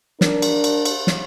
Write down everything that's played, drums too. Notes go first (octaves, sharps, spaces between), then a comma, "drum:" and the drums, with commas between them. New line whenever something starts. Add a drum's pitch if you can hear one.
D4 A#4, drum: snare
drum: cymbal
drum: cymbal
drum: cymbal
drum: snare